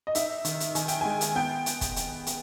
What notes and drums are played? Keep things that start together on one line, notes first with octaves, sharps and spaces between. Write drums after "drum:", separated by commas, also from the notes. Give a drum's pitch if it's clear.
D#5
D#4 E5, drum: hi-hat
D#3, drum: hi-hat
drum: hi-hat
D#3 G#5, drum: hi-hat
G5, drum: hi-hat
G#3 G#5
drum: hi-hat
B3 G5
drum: hi-hat
drum: kick E1, hi-hat
drum: hi-hat
drum: hi-hat